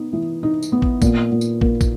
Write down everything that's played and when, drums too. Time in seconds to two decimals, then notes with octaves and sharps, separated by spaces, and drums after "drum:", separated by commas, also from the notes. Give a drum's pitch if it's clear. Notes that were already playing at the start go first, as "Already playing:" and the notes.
Already playing: B3 D#4
0.13 E3
0.43 D#4
0.63 drum: tambourine
0.72 B3
0.82 drum: kick
1.02 A#2, drum: kick, tambourine
1.32 A#2
1.41 drum: tambourine
1.61 A#3, drum: kick
1.81 drum: kick, tambourine